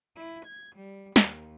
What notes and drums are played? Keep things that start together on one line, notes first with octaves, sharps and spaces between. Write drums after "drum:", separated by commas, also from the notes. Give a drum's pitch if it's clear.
E4
G#6
G3
D#2, drum: snare